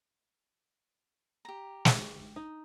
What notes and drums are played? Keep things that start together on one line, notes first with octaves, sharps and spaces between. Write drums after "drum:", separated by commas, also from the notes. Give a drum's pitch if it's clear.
G4 A#5
drum: snare
D#4